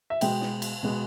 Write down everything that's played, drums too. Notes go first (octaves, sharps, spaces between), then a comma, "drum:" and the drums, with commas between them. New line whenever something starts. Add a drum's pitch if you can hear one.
E5
B2 G#3 B3 G5, drum: cymbal
drum: snare
drum: cymbal
B2 G#3 B3